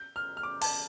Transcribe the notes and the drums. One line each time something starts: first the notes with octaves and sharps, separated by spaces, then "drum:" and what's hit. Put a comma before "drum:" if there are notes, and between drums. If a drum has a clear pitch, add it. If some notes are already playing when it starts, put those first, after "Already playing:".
Already playing: G6
F6
F6
D6
A5, drum: open hi-hat